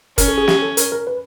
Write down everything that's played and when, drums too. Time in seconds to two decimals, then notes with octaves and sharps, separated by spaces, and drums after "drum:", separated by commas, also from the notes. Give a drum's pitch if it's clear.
0.18 C#4 A#4, drum: kick, hi-hat
0.28 A4
0.38 G#4
0.48 G4, drum: snare
0.62 A4
0.77 A#4, drum: hi-hat
0.92 A#4
1.07 B4